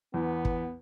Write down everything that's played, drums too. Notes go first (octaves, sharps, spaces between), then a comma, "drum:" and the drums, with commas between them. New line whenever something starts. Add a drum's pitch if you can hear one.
E2 B3
drum: kick